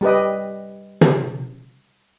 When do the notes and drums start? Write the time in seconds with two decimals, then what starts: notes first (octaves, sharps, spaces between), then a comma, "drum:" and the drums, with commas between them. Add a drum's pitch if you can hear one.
0.01 G3 G4 B4 D#5
1.01 drum: tom